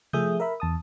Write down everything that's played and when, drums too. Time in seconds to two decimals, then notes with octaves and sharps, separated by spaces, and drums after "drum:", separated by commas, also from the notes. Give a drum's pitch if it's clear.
0.13 F3 A3 G#4 E5 D#6 G6, drum: tom C3
0.40 A#4 E5 B5
0.60 E2 A5 D#6